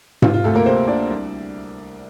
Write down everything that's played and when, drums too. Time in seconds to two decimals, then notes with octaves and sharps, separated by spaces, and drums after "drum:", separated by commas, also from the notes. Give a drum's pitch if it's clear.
0.22 C3 F4, drum: tom G#2
0.34 F4
0.44 D2 A3 A4
0.55 A#3 A#4
0.66 C3 C4 C5
0.87 C3 D4 D5
1.10 C2